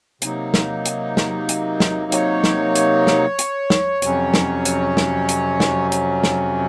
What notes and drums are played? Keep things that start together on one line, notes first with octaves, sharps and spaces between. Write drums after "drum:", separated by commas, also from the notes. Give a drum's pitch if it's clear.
C3 F#3 A#3 D#4, drum: hi-hat
drum: snare
drum: hi-hat
drum: snare
drum: hi-hat
drum: snare
C#5, drum: hi-hat
drum: snare
drum: hi-hat
drum: snare
drum: hi-hat
drum: snare
F2 C3 F#3 C#4, drum: hi-hat
drum: snare
drum: hi-hat
drum: snare
drum: hi-hat
drum: snare
drum: hi-hat
drum: snare